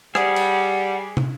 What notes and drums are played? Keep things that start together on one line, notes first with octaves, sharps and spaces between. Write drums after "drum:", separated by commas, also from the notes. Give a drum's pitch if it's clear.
G3 G#4 F#5, drum: rim click
drum: cymbal
drum: tom